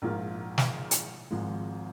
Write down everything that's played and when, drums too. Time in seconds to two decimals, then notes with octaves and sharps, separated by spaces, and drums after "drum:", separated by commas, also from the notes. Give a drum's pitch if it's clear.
0.02 A#1 G#2 F3 A#3 F4
0.58 drum: snare
0.91 drum: hi-hat
1.31 G#1 G#2 F3 G#3